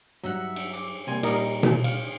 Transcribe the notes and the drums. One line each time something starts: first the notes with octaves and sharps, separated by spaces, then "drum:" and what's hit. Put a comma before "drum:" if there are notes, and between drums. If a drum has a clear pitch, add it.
G2 F#3 D#4 E5 F#5
drum: cymbal
D6
C3 G3 A#3 G#5 C6
A#2 G3 D#4 A#4 D#5 F5 A#5, drum: cymbal
drum: tom B2
F5, drum: cymbal